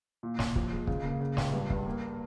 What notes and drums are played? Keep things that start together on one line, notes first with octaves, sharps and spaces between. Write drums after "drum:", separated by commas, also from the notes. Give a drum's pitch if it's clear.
A#2
A#2, drum: snare
F3, drum: kick
G#3
C#3, drum: kick
A#3
C#3
C#2, drum: snare
G2
G2, drum: kick
A#3